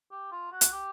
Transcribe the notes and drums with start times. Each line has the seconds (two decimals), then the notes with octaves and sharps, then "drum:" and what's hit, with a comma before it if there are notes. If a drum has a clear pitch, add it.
0.11 G4
0.32 F4
0.52 F#4
0.61 drum: hi-hat
0.72 G4